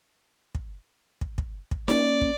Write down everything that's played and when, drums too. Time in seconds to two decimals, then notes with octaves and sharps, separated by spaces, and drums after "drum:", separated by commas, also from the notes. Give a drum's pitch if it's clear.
0.55 drum: kick
1.21 drum: kick
1.38 drum: kick
1.71 drum: kick
1.88 A#3 C#4 D5, drum: snare D#4
2.21 drum: kick